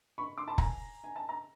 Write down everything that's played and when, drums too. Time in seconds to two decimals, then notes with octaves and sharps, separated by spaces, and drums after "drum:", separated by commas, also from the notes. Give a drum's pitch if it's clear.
0.18 B5 C#6
0.38 C6 D6
0.48 A5 B5
0.58 G#5 A#5, drum: kick F1
1.04 G#5
1.16 A5
1.29 A#5